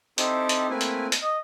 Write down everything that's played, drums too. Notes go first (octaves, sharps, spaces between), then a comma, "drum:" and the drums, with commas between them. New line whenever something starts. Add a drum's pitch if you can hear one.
C4 D#4 E4 G4 A4 C5, drum: hi-hat
drum: hi-hat
A3 A#3 C4 E4 B4 G#5
drum: hi-hat
drum: hi-hat
D#5